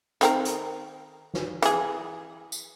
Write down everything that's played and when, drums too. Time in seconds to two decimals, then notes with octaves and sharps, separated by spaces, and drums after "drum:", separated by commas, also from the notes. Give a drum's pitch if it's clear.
0.21 D#3 C4 A#4, drum: hi-hat
0.45 drum: hi-hat
1.34 drum: snare F#4
1.62 E3 G#4, drum: hi-hat
2.52 drum: tambourine